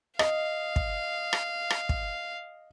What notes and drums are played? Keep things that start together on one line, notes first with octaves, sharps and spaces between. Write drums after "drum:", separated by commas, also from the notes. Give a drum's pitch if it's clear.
D#5 F5, drum: rim click
drum: kick
drum: rim click
drum: rim click
drum: kick